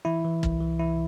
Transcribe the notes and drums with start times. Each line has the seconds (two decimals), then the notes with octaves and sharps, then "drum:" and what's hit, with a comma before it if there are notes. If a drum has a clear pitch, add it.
0.05 E3 E4
0.24 E3
0.43 C2, drum: kick
0.60 E3
0.79 E3 E4